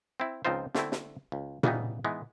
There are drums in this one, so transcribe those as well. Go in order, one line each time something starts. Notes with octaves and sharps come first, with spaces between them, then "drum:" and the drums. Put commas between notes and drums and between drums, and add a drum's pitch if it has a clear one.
C4 E4
C#2 F3 C4 D#4 F4 C5
D3 A3 C4 E4, drum: snare
drum: snare
C#2
C#3 E3 G3 B3 D#4, drum: tom A#2
E3 G#3 B3 D#4